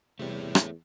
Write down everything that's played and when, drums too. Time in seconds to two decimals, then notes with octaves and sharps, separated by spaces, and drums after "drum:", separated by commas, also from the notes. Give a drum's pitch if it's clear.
0.19 E2 C3 G3 A3 C#5
0.55 drum: rim click